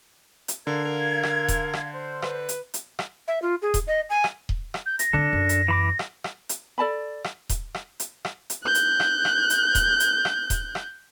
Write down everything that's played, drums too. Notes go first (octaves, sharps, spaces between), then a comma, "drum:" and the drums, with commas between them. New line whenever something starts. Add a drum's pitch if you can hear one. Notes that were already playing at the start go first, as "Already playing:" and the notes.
drum: hi-hat
D3 A#4 F5 G#6
A#4
drum: rim click
drum: kick D#1, hi-hat
drum: rim click
C5
B4, drum: rim click
drum: hi-hat
drum: hi-hat
drum: rim click
E5
F4
G#4
drum: kick D#1, hi-hat
D#5
G#5
drum: rim click
drum: kick D#1
drum: rim click
G6
A#6, drum: hi-hat
D3 C4 D4 A4
F#2
drum: hi-hat
E3 B5 D6
drum: rim click
drum: rim click
drum: hi-hat
A4 D5 A5 B5
drum: rim click
drum: kick D#1, hi-hat
drum: rim click
drum: hi-hat
drum: rim click
drum: hi-hat
F#6 G6
drum: hi-hat
drum: rim click
drum: rim click
drum: hi-hat
drum: kick D#1, hi-hat
drum: hi-hat
drum: rim click
drum: kick D#1, hi-hat
drum: rim click